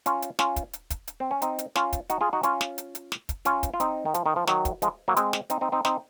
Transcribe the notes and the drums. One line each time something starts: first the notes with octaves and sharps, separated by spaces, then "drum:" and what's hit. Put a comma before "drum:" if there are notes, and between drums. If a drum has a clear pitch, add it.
C#4 F4, drum: hi-hat
drum: hi-hat
C#4 F4, drum: snare
drum: kick, hi-hat
drum: hi-hat
drum: kick, hi-hat
drum: hi-hat
C4
C#4
C4 D#4, drum: hi-hat
drum: hi-hat
C#4 F4, drum: snare
drum: kick, hi-hat
D#4 F#4, drum: hi-hat
F4 G#4
D#4 F#4
C#4 F4, drum: hi-hat
drum: snare
drum: hi-hat
drum: hi-hat
drum: snare
drum: kick, hi-hat
C#4 F4, drum: hi-hat
drum: kick, hi-hat
F4
C4 D#4, drum: hi-hat
D#3
F3, drum: hi-hat
D#3
F3
D#3 F#3, drum: snare
drum: kick, hi-hat
F3 G#3, drum: hi-hat
F#3 A#3
G#3 C4, drum: hi-hat
drum: snare
C4 D#4, drum: hi-hat
C4 D#4
C4 D#4
C4 D#4, drum: snare